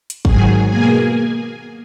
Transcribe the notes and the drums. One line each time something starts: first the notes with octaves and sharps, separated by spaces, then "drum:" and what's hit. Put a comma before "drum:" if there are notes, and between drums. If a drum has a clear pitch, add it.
drum: hi-hat
G#2 D#3 F#3 G#4 G#5, drum: kick
B2 A#3 G#4 G#5